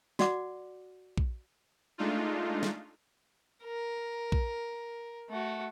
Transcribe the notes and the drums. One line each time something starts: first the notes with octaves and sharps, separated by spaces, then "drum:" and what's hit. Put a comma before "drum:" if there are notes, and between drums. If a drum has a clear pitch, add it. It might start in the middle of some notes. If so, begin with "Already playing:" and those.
F#4 D5 F#5 D6, drum: snare
drum: kick
G#3 A3 D4 D#4 F4
drum: snare
A#4
drum: kick
A3 F#4